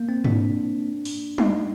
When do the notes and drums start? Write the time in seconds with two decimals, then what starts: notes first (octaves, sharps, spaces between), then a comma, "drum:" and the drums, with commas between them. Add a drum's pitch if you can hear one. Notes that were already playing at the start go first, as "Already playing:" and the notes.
Already playing: A#3
0.09 C4
0.24 D4, drum: tom G#2
1.05 drum: open hi-hat
1.38 D#4, drum: tom G3